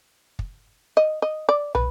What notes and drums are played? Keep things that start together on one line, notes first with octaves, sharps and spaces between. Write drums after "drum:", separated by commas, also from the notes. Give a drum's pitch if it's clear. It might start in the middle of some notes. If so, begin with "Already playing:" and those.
drum: kick
D#5
D#5
D5
B4, drum: tom